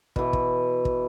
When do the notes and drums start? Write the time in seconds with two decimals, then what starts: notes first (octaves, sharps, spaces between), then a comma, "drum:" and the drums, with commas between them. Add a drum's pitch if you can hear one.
0.16 B2 E3, drum: kick
0.33 drum: kick
0.85 drum: kick